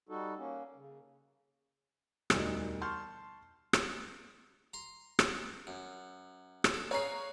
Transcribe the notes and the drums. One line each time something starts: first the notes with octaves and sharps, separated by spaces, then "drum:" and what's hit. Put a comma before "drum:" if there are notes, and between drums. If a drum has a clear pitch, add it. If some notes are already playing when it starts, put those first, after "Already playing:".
G3 D#4 F#4 A4
A#3 C#4
C#3
E1 D2 G3 D#4, drum: rim click
A5 C6 C#6 F6 G6
drum: rim click
A#5 C6
drum: rim click
F#2
drum: rim click
A4
G#4 B4 C#5 F5 A#5 C7